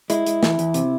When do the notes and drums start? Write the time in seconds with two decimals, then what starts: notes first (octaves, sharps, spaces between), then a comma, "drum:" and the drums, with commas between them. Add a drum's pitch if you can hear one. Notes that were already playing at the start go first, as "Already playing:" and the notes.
0.10 G#3 E4, drum: hi-hat
0.27 G#3, drum: hi-hat
0.43 E2, drum: snare
0.59 E2, drum: hi-hat
0.74 C3, drum: hi-hat